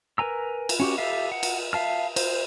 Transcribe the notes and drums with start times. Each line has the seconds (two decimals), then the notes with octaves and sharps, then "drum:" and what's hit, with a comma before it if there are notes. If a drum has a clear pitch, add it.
0.18 A#4 B4 G#5 A#5 E6
0.69 drum: cymbal
0.80 C#4 F#4 G4
0.98 G4 A4 E5 F5
1.32 F#5
1.43 drum: cymbal
1.73 E5 F5 A5 F6
2.16 C5, drum: cymbal